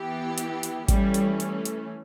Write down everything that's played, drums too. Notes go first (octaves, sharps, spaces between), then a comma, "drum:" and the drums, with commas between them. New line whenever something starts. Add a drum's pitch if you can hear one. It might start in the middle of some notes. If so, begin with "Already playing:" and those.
Already playing: E3 B3 E4 G4
drum: hi-hat
drum: hi-hat
E3 G3 A3 C#4, drum: kick G#1, hi-hat
drum: hi-hat
drum: hi-hat
drum: hi-hat